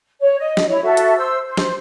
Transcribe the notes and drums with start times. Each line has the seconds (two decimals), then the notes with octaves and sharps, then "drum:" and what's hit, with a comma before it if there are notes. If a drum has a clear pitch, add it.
0.20 C#5
0.38 D#5
0.57 drum: snare
0.68 E4 C#5
0.82 F#4 A4 E5
0.97 drum: hi-hat
1.17 C5 E6
1.45 C5
1.57 drum: snare